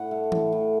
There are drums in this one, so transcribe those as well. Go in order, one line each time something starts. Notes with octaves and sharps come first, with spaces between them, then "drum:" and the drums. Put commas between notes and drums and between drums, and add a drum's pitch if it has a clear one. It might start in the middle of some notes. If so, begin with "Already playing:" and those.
Already playing: A2 F#5
A3
A2, drum: tom E3
A2